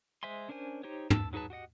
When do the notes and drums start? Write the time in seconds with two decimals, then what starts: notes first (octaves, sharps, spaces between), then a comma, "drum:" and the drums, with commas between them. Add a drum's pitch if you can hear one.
0.23 G#3 C5 E5 G#5 C6
0.49 C#4 D4 A#4 C5 G#5
0.83 D#4 G4 C5 C#5
1.10 A5 E6, drum: tom
1.33 F#3 D#4 G#4 B4 A5
1.50 F#4 G4 D#5 F#5